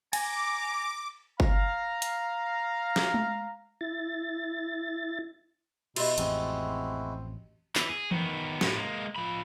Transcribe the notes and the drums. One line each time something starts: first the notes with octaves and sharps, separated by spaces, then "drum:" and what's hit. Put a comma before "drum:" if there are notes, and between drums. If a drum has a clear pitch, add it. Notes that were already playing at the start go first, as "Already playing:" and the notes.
G#5 A#5 D6, drum: cymbal
F5 A#5, drum: kick G1
drum: hi-hat
drum: snare
drum: tom G#3
E4 A6
B2 E4 F#4 G4 D#5 C6, drum: cymbal
A1 F2 G#3 C4 E4 F#4 A#5, drum: hi-hat
E3, drum: clap
G#4
D#3 B3, drum: tom E3
A2, drum: snare
G#3 A#3
F3 B5